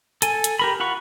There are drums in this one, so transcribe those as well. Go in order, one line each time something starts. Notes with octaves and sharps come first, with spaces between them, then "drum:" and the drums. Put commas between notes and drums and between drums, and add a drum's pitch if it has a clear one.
A4 G#5, drum: hi-hat
drum: hi-hat
G4 A#4 B5
F4 F#5 B5 C#6